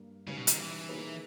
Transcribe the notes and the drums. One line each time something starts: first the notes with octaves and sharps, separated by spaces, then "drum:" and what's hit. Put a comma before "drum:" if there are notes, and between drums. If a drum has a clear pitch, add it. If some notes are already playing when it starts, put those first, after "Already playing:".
Already playing: G2 G3 A#3
G#2 C#3 G3 C#4 G4 B4
B2
D#3, drum: hi-hat
E3
B2 A#3 D#4 G#4 B4